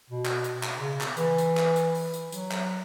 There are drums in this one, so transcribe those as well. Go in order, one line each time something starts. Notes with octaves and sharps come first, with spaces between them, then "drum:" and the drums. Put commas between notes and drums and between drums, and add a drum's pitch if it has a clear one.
B2
drum: clap
drum: hi-hat
drum: clap
C#3
drum: clap
E3, drum: hi-hat
drum: hi-hat
drum: clap
drum: hi-hat
drum: open hi-hat
drum: hi-hat
F#3, drum: hi-hat
drum: clap